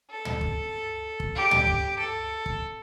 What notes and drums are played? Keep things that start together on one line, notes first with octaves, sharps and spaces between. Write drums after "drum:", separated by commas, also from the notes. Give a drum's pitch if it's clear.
A4
drum: tom
drum: kick
drum: kick
G4
drum: tom
drum: kick
A4
drum: kick